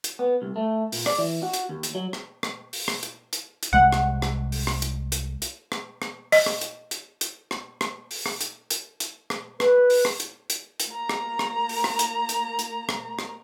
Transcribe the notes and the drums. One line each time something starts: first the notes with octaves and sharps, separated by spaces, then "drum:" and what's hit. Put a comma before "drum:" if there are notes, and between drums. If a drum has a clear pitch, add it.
drum: hi-hat
B3
C2
A3
A#2, drum: open hi-hat
D5, drum: rim click
E3
F#4
drum: hi-hat
D#2
drum: hi-hat
F#3
drum: rim click
drum: rim click
drum: open hi-hat
drum: rim click
drum: hi-hat
drum: hi-hat
drum: hi-hat
C2 C3 G#3 F#5
drum: rim click
drum: rim click
drum: open hi-hat
drum: rim click
drum: hi-hat
drum: hi-hat
drum: hi-hat
drum: rim click
drum: rim click
D#5, drum: open hi-hat
drum: rim click
drum: hi-hat
drum: hi-hat
drum: hi-hat
drum: rim click
drum: rim click
drum: open hi-hat
drum: rim click
drum: hi-hat
drum: hi-hat
drum: hi-hat
drum: rim click
B4, drum: rim click
drum: open hi-hat
drum: rim click
drum: hi-hat
drum: hi-hat
drum: hi-hat
A#3 A#5
drum: rim click
drum: rim click
drum: open hi-hat
drum: rim click
drum: hi-hat
drum: hi-hat
drum: hi-hat
drum: rim click
drum: rim click